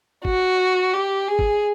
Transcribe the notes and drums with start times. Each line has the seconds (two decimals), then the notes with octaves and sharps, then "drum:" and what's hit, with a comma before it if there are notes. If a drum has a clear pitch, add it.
0.25 F#4, drum: kick
0.93 G4
1.28 G#4
1.39 drum: kick